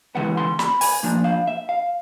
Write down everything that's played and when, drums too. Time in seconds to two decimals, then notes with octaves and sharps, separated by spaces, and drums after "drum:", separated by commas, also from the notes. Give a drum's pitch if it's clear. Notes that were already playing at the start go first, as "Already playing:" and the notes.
0.15 C#3 E3 G#3 B3 F#5
0.37 C6
0.59 B5, drum: snare
0.81 G#5, drum: open hi-hat
1.03 A2 F3 A#3 D4
1.24 F5
1.47 E5
1.69 F5